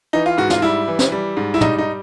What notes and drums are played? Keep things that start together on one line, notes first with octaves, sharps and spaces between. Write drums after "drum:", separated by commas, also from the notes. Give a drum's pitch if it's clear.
E3 D#4
F4
G#2 F#4
F4, drum: snare
G3 E4
E3
drum: snare
G3
G#2
E4
G3 D#4, drum: tom
D#4